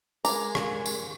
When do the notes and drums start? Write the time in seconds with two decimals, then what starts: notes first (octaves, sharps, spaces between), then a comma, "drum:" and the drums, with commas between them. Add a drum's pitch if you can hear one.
0.25 G#3 A#4 A#5 D6, drum: tambourine
0.55 drum: rim click
0.86 drum: tambourine